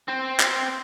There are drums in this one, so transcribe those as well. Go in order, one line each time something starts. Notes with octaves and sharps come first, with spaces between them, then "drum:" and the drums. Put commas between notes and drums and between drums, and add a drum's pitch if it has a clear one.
C4 C5
drum: clap